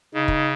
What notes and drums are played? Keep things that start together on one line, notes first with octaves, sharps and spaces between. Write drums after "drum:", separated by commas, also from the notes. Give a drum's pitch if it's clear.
C#3 D#4
drum: kick